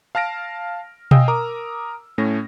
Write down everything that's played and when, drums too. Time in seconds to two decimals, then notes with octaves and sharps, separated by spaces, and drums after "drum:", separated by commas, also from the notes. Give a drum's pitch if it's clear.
0.15 F5 A5 F6 A#6 D7
1.11 D#5 F5 G5 G#5 D#6 E6, drum: tom B2
1.28 A#4 A#5 D6 D#6
2.18 A2 A3 C#4 A#6